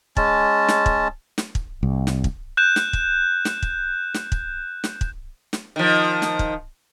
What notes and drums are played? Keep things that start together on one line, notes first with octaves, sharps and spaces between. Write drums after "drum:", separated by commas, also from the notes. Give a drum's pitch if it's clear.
G#3 C#4 A5, drum: kick
drum: snare
drum: kick
drum: snare
drum: kick
C2
drum: snare
drum: kick
F#6 G6 E7
drum: snare
drum: kick
drum: snare
drum: kick
drum: snare
drum: kick
drum: snare
drum: kick
drum: snare
D#3 F3
drum: snare
drum: kick